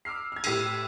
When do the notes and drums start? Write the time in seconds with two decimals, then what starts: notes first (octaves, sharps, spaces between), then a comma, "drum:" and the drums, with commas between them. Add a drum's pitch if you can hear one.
0.05 D6 E6 F6 C7
0.32 F6 G#6
0.44 A2 G4 E6 B6 C7 D#7, drum: cymbal